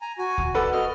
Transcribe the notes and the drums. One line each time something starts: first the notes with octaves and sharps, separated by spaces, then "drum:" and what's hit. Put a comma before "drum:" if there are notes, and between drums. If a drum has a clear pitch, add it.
G#5 A#5
F#4 G#5
drum: kick D2
A4 B4 D5 F#5
F#4 D#5 F6